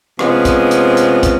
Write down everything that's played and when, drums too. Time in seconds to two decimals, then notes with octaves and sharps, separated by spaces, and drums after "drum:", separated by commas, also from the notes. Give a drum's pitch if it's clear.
0.19 C3 F3 G#3 B3 C#4, drum: rim click
0.45 drum: kick, hi-hat
0.71 drum: hi-hat
0.97 drum: hi-hat
1.23 drum: kick, hi-hat